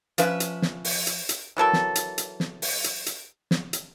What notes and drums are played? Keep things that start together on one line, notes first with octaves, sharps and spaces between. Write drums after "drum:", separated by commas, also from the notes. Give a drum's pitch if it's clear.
F3 C#4 B4 E5, drum: hi-hat
drum: hi-hat
drum: snare
drum: open hi-hat
drum: hi-hat
drum: hi-hat
E3 F#3 A4 A#4
drum: snare
drum: hi-hat
drum: hi-hat
drum: snare
drum: open hi-hat
drum: hi-hat
drum: hi-hat
drum: snare
drum: hi-hat